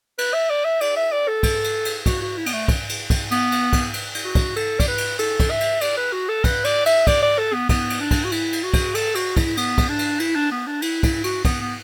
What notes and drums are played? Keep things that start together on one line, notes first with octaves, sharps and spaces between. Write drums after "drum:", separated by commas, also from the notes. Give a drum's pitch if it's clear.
B4, drum: cymbal
E5
D5
E5
D5, drum: cymbal
E5
D5
A4
drum: kick, cymbal
drum: cymbal
drum: cymbal
F#4, drum: kick, cymbal
F#4
E4
B3, drum: cymbal
A3
drum: kick, cymbal
drum: cymbal
drum: kick, cymbal
B3, drum: cymbal
drum: cymbal
drum: kick, cymbal
drum: cymbal
drum: cymbal
F#4
drum: kick, cymbal
A4, drum: cymbal
D5, drum: kick, cymbal
B4
drum: cymbal
A4, drum: cymbal
drum: kick, cymbal
E5
drum: cymbal
D5, drum: cymbal
B4
F#4
A4
B4, drum: kick, cymbal
D5, drum: cymbal
E5, drum: cymbal
D5, drum: kick, cymbal
D5
A4
B3
B3, drum: kick, cymbal
drum: cymbal
D4
drum: kick, cymbal
F#4
E4, drum: cymbal
drum: cymbal
F#4
drum: kick, cymbal
A4, drum: cymbal
F#4, drum: cymbal
E4, drum: kick, cymbal
B3, drum: cymbal
drum: kick, cymbal
D4
drum: cymbal
E4, drum: cymbal
D4
B3
D4
E4, drum: cymbal
E4, drum: kick, cymbal
F#4, drum: cymbal
B3, drum: kick, cymbal
B3